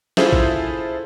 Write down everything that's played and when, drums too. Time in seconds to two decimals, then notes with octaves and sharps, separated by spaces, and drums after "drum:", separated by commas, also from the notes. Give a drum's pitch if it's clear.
0.17 E4 F4 G#4 A4 C5 E5, drum: snare
0.33 drum: kick A1